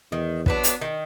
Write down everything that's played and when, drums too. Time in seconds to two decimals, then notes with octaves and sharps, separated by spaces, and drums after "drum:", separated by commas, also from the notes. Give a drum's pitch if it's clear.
0.11 E2 D#3
0.46 F#3 B3 D4, drum: kick
0.64 drum: hi-hat
0.81 D#3